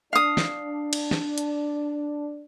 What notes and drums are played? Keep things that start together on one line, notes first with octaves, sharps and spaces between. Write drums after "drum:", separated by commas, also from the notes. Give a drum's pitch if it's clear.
D4 F5 D#6
drum: snare
drum: cymbal
drum: snare
drum: hi-hat